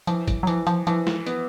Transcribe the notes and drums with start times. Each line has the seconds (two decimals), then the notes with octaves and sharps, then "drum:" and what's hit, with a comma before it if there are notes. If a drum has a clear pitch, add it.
0.07 E3 F3, drum: hi-hat
0.28 F#3, drum: kick G1, hi-hat
0.43 F#3
0.47 E3 F3, drum: hi-hat
0.67 F3, drum: hi-hat
0.87 E3 F3, drum: hi-hat
1.07 drum: snare
1.26 B3, drum: hi-hat